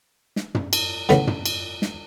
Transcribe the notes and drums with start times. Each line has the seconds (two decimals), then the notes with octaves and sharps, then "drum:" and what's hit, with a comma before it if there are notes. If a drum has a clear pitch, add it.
0.36 drum: snare
0.55 drum: tom
0.73 drum: cymbal
1.09 A2 C#3 E3 B3, drum: snare
1.27 drum: tom
1.45 drum: cymbal
1.82 drum: snare